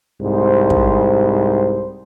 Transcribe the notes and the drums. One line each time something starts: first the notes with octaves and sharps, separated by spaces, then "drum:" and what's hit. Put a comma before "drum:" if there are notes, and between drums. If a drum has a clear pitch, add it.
C2 G#2 C5
drum: kick